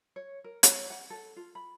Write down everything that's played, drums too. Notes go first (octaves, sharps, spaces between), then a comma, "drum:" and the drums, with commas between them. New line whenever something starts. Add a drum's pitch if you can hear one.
C#5
A#4
C#5, drum: hi-hat
F#5
A4
F4
B5